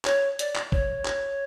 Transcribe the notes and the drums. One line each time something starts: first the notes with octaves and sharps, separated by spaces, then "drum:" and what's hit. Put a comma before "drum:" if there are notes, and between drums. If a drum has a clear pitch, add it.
C#5, drum: clap
D5, drum: hi-hat
drum: clap
C#5, drum: kick
drum: clap